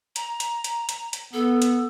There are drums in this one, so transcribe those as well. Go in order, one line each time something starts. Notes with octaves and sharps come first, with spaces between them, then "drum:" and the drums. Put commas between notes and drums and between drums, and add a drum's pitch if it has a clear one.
A#5, drum: hi-hat
drum: hi-hat
drum: hi-hat
drum: hi-hat
drum: hi-hat
B3 A4
drum: hi-hat